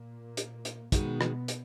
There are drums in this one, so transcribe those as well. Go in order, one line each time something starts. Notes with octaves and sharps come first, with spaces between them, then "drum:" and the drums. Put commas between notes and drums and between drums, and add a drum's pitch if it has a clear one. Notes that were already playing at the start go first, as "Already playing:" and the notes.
Already playing: A#2 A#3
drum: hi-hat
drum: hi-hat
B2 D#3 G#3 B3 D#4 F#4, drum: kick, hi-hat
drum: rim click
drum: hi-hat